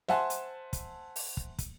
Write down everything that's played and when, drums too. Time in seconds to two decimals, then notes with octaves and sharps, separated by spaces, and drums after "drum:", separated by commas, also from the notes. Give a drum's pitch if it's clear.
0.08 C5 E5 F#5 G#5 A5 C6, drum: snare
0.30 drum: hi-hat
0.73 drum: kick, hi-hat
1.16 drum: open hi-hat
1.37 drum: kick
1.59 drum: kick, hi-hat